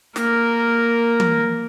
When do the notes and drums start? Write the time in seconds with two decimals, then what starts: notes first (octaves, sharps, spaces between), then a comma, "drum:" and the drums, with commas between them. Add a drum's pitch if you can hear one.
0.16 A#3 A#4, drum: snare
1.20 drum: tom E3